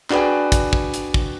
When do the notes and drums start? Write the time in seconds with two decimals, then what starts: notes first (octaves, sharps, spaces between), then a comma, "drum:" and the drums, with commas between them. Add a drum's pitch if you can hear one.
0.10 D4 F#4 G#4 B4 D5 G5, drum: clap
0.52 drum: kick, hi-hat
0.73 drum: kick
0.94 drum: hi-hat
1.14 drum: kick